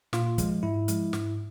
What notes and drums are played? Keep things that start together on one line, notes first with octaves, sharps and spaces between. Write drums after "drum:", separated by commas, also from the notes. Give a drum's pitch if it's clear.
A#2 F4, drum: snare
F3 G#3, drum: kick, hi-hat
G#2 E4
F3 G#3, drum: hi-hat
G#2, drum: snare